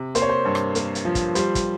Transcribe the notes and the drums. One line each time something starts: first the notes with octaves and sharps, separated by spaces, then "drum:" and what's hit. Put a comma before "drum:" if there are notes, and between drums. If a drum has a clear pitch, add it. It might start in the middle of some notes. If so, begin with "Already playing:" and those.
Already playing: C3
A#3 C5, drum: hi-hat
C#5
C5
G2
drum: rim click
A#3, drum: hi-hat
drum: hi-hat
F3
drum: kick, hi-hat
G3 C5, drum: hi-hat
drum: kick, hi-hat